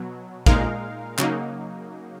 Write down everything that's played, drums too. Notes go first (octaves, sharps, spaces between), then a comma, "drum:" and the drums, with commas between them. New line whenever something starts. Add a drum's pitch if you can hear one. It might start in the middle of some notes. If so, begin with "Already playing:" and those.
Already playing: B2 F#3
A#2 G#3 D#4 A#4 F5, drum: kick A1
C#3 F#3 A#3 D#4, drum: clap